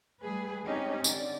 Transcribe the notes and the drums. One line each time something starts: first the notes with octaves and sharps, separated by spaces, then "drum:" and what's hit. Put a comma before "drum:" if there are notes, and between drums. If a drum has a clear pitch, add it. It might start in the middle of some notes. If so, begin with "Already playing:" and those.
G3 A3 G#4 B4
G#3 C4 C#4 D#4 G4
D3 D5, drum: tambourine